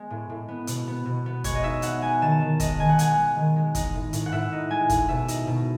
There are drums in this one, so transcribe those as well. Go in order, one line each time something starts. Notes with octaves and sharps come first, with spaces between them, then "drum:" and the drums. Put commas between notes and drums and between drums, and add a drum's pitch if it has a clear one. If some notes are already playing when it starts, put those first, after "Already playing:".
Already playing: G#3 B3
A2
A2
B3
B2, drum: hi-hat
B3
B2
B3
G#3 C#5, drum: kick, hi-hat
D#5
D#4 E5
B3 F#5, drum: hi-hat
G#3 G#5
D#3 A5
D#3
G#3 D#5, drum: kick, hi-hat
D#3 G#5
F#5
G#3 G#5, drum: hi-hat
G#3
D#3
G#3
D#4, drum: kick, hi-hat
A2
A2, drum: hi-hat
F#5
A2 E5
D#4
G#3 G#5
A2, drum: kick, hi-hat
B2 E5
D#4, drum: hi-hat
B2